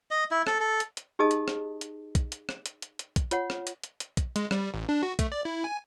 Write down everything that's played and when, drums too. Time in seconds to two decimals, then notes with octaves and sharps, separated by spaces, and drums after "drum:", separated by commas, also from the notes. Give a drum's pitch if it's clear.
0.11 D#5
0.31 E4
0.47 A4, drum: rim click
0.60 A4
0.80 drum: hi-hat
0.97 drum: hi-hat
1.19 D#4 G4 G#4 D#5 A5 D#6
1.31 drum: hi-hat
1.48 drum: rim click
1.81 drum: hi-hat
2.15 drum: kick, hi-hat
2.32 drum: hi-hat
2.49 drum: rim click
2.66 drum: hi-hat
2.82 drum: hi-hat
2.99 drum: hi-hat
3.16 drum: kick, hi-hat
3.31 F4 C#5 F#5, drum: hi-hat
3.50 drum: rim click
3.67 drum: hi-hat
3.84 drum: hi-hat
4.00 drum: hi-hat
4.17 drum: kick, hi-hat
4.36 G#3, drum: hi-hat
4.51 G3, drum: rim click
4.74 A1
4.89 D4
5.03 F#4
5.19 A3, drum: kick, hi-hat
5.32 D5
5.45 E4
5.64 G#5